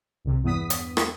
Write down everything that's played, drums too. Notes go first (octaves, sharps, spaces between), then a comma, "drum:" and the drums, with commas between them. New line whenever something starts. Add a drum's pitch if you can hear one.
C2 C3
E2 G2 B3 D#6 B6
drum: hi-hat
drum: rim click